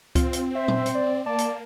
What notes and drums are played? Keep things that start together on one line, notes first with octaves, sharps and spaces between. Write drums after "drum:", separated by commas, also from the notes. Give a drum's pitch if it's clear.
C4 F4, drum: kick C#2, hi-hat
drum: hi-hat
C5 E5
drum: tom A#2
drum: hi-hat
D5
A#3 D5 A5
drum: hi-hat